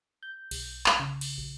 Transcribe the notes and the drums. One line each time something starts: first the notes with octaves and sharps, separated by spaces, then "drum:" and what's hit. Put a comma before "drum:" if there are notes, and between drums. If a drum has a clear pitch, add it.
G6
B1, drum: cymbal
drum: clap
C#3
drum: cymbal
A#1